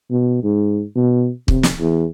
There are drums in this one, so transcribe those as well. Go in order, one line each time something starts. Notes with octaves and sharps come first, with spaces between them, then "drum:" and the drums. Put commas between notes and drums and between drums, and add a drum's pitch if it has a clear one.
B2
G#2
B2
C3, drum: kick
drum: snare
E2